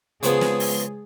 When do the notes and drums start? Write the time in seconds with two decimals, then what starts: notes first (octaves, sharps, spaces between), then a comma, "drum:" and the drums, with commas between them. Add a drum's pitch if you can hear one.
0.23 C#3 F3 G#3 B3 G#4, drum: hi-hat
0.41 drum: snare
0.60 drum: open hi-hat